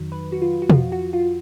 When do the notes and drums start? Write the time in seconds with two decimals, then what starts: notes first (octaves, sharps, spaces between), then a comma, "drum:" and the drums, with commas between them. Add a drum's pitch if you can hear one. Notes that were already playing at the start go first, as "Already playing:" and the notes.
Already playing: F2 D#3 F#3
0.12 B4
0.32 F#4
0.42 F4
0.62 F#4
0.70 F2 F3 F4, drum: tom B2
0.92 F#4
1.13 F4